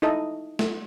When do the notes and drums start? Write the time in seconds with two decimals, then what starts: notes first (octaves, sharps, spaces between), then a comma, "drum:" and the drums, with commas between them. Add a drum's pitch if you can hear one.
0.02 D#4 E4 A4 D#5
0.59 drum: snare